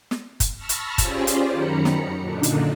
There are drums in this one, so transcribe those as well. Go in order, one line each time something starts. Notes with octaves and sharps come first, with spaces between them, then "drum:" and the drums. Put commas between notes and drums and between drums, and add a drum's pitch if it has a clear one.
drum: snare
drum: kick F#1, hi-hat
A5 B5 C#6 E6 F6 A#6
drum: hi-hat
C#4 F4 G4 G#4 C5 D5, drum: kick F#1, hi-hat
drum: hi-hat
F#2 D#3 A#5 B5 C#7
drum: snare
F#2 A#2 D3 D4 D#4
drum: hi-hat